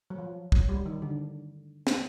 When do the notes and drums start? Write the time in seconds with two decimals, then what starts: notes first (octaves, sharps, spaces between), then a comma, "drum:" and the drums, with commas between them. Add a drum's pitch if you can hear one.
0.10 F#3
0.19 F3
0.52 F#3, drum: kick
0.69 G3
0.86 D#3
1.02 D3
1.87 drum: snare